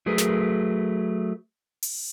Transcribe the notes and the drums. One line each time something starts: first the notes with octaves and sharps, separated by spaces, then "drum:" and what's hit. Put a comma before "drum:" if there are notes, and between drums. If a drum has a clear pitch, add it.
F#3 A3 G#4 A#4 B4
drum: snare
drum: open hi-hat